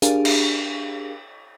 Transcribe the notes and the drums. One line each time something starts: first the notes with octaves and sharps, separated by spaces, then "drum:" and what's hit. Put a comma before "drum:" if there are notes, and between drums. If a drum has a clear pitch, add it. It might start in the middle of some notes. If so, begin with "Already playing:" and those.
D4 G4 G#4 A#4 F5, drum: hi-hat
drum: cymbal